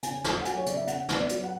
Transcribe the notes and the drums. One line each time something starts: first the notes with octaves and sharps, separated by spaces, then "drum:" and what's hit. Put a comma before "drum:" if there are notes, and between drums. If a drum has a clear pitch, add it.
C#3 G#5, drum: hi-hat
A3, drum: snare
F#5
F#3 G#5, drum: hi-hat
C#5
C#3 D5, drum: hi-hat
E5
C#3 F#5, drum: hi-hat
B3, drum: snare
D5
F#3, drum: hi-hat
F#5